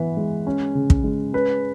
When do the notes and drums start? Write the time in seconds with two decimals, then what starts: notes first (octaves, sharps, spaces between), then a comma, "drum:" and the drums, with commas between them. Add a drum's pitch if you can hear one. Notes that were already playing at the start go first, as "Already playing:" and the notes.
Already playing: E3 B3 B4
0.17 G#3
0.47 C#4
0.75 C#3
0.90 drum: kick
1.04 G#3
1.33 C#4 B4